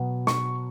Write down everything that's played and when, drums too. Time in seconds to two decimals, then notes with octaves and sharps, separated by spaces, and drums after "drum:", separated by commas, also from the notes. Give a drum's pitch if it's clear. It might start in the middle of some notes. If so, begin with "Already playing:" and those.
Already playing: B2 F#3 B3
0.27 C#6, drum: snare